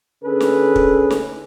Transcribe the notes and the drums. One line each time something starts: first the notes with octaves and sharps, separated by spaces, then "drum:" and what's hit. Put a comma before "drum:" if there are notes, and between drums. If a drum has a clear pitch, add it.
D3 C#4 G#4 A4 B4
drum: snare
drum: kick
drum: snare